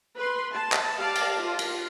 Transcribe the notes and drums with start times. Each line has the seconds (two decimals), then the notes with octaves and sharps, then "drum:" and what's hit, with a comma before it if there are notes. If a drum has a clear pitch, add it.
0.17 B4 C6
0.54 A5
0.72 drum: clap
0.99 G4 D5 F5 A5
1.15 drum: cymbal
1.37 F4
1.59 drum: cymbal